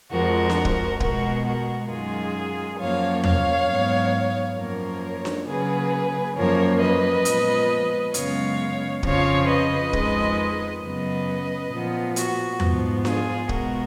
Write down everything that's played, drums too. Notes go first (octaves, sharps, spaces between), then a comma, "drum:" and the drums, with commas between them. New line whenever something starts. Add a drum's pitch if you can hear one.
F2 F3 G#3 F#4 A#4
drum: snare D4
drum: kick
B2 G#3 B3 F#4 A#4, drum: kick
F#4 A#4
F#2 D#3 G#3 F4 G#4
F#2 F3 A#3 C#5 F5
C#5 F5, drum: tom E2
G#2 F#3 B3
F#2 F3 A#3 A#4 C#5
drum: snare D4
C#3 F#3 A#3 G#4 B4
F#2 F3 A#3 A#4 C#5
B4 D#5
A#2 F3 G#3 B3, drum: hi-hat
F#2 C#3 G#3 B3 C#5 F5, drum: hi-hat
F2 C#3 F3 C#5 F5, drum: kick
B4 D#5
F2 D#3 G#3, drum: kick
F#2 C#3 F#3 B3 B4 D#5
A#2 F3 B3
F#4, drum: hi-hat
G#2 F3 B3, drum: tom E2
F4 G#4, drum: snare D4
B2 G#3 B3 F#4 A#4, drum: kick